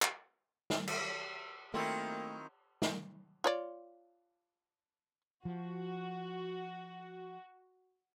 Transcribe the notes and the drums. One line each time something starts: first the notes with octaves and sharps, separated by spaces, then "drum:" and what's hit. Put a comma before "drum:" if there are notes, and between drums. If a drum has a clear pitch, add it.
drum: clap
drum: snare
drum: cymbal
D#3 F#3 A3 A#3 C4 E4 F4 A#4
drum: snare
F4 C#5 D5
F3 F#4